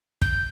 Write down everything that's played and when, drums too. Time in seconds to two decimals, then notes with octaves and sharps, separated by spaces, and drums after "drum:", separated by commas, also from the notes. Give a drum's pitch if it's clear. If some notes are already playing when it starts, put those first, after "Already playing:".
0.22 G6, drum: kick